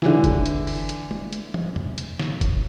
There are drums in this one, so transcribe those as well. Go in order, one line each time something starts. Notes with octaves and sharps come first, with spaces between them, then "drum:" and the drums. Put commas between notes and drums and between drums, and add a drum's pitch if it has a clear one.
D3 E3, drum: snare
drum: kick F#1, hi-hat
drum: hi-hat
drum: open hi-hat
drum: hi-hat
drum: tom
drum: hi-hat
drum: tom
drum: tom
drum: hi-hat
drum: snare
drum: kick F#1, hi-hat